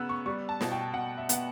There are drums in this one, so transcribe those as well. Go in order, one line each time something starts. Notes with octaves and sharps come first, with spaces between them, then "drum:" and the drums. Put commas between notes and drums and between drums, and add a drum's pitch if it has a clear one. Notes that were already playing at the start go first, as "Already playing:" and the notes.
Already playing: C#3 B3 E6 F#6
C#6
G3 C#6
A5
B2, drum: snare
G5
B2 F#5
E5
B3 F#5, drum: hi-hat